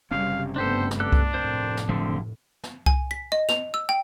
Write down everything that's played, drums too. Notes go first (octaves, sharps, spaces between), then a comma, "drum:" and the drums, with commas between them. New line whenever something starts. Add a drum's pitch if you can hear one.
F#1 C3 G3 C4 C#4 F5
G2 A3 B3 D4 G4 A4 C5
drum: snare
D4 G4 A4 F#6
drum: kick C2
F1 A2 C4 A#4 C5
drum: snare
F#1 D3 F3 A3 C4
drum: snare
G#5, drum: kick C2
B6
D#5
F7, drum: snare
E6
G5